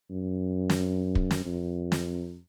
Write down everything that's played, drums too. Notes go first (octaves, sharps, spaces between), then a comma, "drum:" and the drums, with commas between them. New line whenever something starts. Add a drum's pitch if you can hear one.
F#2
drum: snare
drum: kick
drum: snare
F2
drum: snare